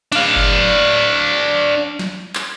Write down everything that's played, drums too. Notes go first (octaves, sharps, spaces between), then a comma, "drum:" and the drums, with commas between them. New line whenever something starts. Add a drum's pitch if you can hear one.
D4 F5, drum: cymbal
drum: kick F#1
drum: snare
drum: clap